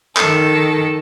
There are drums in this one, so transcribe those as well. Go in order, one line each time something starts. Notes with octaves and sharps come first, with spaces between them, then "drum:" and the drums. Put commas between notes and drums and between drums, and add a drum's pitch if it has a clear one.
D#3 A4, drum: clap